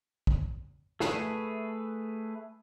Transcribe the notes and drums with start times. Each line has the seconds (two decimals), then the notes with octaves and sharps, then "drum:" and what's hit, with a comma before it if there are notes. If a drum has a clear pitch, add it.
0.27 drum: kick
1.00 A3 G#4 B4, drum: snare